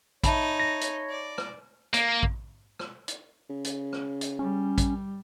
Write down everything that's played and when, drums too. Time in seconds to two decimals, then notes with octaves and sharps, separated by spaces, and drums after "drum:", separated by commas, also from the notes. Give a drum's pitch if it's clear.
0.24 D#4 C#5 E5 A5 B5, drum: kick A1, hi-hat
0.60 A#6
0.81 drum: hi-hat
1.10 D5
1.38 drum: rim click
1.94 A#3, drum: hi-hat
2.23 drum: kick A1
2.79 drum: rim click
3.08 drum: hi-hat
3.50 C#3
3.64 drum: hi-hat
3.93 drum: rim click
4.21 drum: hi-hat
4.39 G3 C#4
4.78 drum: kick A1, hi-hat